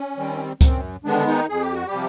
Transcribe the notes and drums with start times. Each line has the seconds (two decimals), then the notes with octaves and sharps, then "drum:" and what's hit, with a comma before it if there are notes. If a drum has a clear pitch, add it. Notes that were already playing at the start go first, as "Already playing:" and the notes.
Already playing: C#4
0.17 D#3 G3 C4
0.61 F#2 C4, drum: kick C#2, hi-hat
1.05 D3 D#3 G#3 B3 D4
1.26 D#3 D#4
1.49 F2 G#4
1.62 G4
1.74 F#4
1.87 G3 G4
1.92 C3 F3